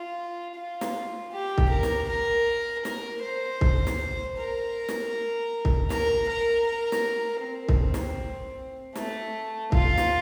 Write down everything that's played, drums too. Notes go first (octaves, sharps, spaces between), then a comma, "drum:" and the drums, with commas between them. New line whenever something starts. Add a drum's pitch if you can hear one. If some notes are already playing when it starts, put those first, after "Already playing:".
Already playing: F4
F4
drum: snare
G4
drum: kick C2
A#4
drum: snare
A#4
A#4, drum: snare
C5
drum: kick C2
drum: snare
A#4
drum: snare
drum: kick C2
A#4, drum: snare
A#4
A#4
drum: snare
C4
drum: kick C2
drum: snare
A3, drum: snare
F4, drum: kick C2
drum: snare